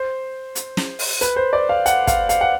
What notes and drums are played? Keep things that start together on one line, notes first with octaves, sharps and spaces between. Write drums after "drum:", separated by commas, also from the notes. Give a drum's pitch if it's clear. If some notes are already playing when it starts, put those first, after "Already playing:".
Already playing: C5
drum: hi-hat
drum: snare
drum: open hi-hat
B4, drum: hi-hat
C5
D5
F5
F#5, drum: hi-hat
F5, drum: kick, hi-hat
F5, drum: hi-hat
F#5